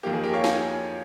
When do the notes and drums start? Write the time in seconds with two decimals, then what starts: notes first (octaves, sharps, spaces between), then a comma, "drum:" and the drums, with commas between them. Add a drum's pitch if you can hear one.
0.03 F2 D#3 A#3 G4
0.13 G#4
0.23 G4 A#4
0.34 C#5 F5
0.44 F5 G#5, drum: snare